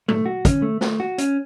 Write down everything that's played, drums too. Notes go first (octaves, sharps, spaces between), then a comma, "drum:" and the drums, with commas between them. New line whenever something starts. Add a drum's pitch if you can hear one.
A3, drum: tom
F#4
C#4, drum: kick, hi-hat
A3
A3, drum: snare
F#4
C#4, drum: hi-hat